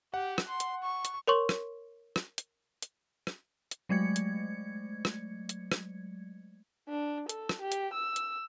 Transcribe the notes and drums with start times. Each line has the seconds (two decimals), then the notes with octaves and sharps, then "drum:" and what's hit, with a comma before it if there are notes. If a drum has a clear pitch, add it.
0.14 G4 F#5
0.38 drum: rim click
0.48 C6
0.60 drum: hi-hat
0.83 C#6
1.05 drum: hi-hat
1.28 A#4 C#5 C6 C#6
1.49 drum: rim click
2.16 drum: rim click
2.38 drum: hi-hat
2.82 drum: hi-hat
3.27 drum: rim click
3.71 drum: hi-hat
3.89 F#3 G#3 A3 G#6 C#7
4.16 drum: hi-hat
5.05 drum: rim click
5.49 drum: hi-hat
5.72 drum: rim click
6.89 D4
7.29 A4, drum: hi-hat
7.49 drum: rim click
7.62 G4
7.72 drum: hi-hat
7.94 E6
8.16 drum: hi-hat